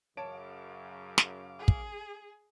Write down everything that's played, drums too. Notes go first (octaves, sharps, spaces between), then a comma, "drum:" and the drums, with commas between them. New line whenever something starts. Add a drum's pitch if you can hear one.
F#2 C#3 C#5 F5 A5 D6 D7
drum: snare
G#4
drum: kick